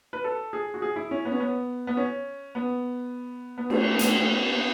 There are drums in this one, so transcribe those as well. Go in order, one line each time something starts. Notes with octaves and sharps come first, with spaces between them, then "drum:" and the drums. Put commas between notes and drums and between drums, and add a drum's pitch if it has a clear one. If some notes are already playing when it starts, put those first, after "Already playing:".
B4
A4
G#4
F#4
G#4
E4
C#4
B3
C#4
B3
B3
C#4
B3
B3
A3, drum: cymbal
B3
A3, drum: hi-hat
A3
B3
B3